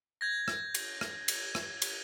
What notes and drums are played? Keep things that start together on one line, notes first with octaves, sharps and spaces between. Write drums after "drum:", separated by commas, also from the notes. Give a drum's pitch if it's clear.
G6 G#6 A#6
drum: rim click
drum: cymbal
drum: rim click
drum: cymbal
drum: rim click
drum: cymbal